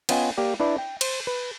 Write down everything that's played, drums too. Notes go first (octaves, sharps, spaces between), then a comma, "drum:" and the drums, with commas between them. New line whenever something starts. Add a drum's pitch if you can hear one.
B3 C#4 F4 D#5 G5 G#5, drum: cymbal
A#3 G4 D5
D4 E4 B4 D5
G5
C5, drum: cymbal
B4